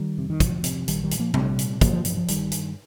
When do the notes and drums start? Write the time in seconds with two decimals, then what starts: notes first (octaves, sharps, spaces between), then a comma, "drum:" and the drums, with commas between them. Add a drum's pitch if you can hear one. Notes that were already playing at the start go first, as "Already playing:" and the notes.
Already playing: D#3 G3
0.18 F2 C3
0.30 D#3
0.40 F1 F3, drum: kick, hi-hat
0.64 F2 C3, drum: hi-hat
0.88 A#1 D#3 G3, drum: hi-hat
1.03 D#3 G3
1.11 A#2, drum: hi-hat
1.19 F3 A#3
1.34 A#1 G3 C4, drum: tom C3
1.59 A#2, drum: hi-hat
1.81 G1 F3 A#3, drum: kick, hi-hat
1.93 F3 A#3
2.05 G2 F3, drum: hi-hat
2.17 F3
2.28 G1 D#3 G3, drum: hi-hat
2.52 G2, drum: hi-hat